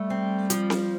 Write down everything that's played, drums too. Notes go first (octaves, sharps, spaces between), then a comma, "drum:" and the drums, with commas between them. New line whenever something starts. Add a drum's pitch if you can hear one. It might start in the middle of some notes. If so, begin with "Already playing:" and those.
Already playing: G3 A3
C4
F3, drum: hi-hat
drum: snare C4